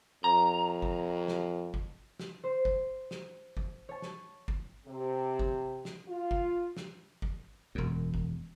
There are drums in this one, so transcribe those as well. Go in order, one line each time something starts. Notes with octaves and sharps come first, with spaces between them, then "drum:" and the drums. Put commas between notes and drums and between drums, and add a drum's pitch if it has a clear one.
F2 A#5
drum: kick
drum: snare
drum: kick
drum: snare
C5
drum: kick
drum: snare
drum: kick
C#5 A5
drum: snare
drum: kick
C3
drum: kick
drum: snare
F4
drum: kick
drum: snare
drum: kick
E1 F#2
drum: kick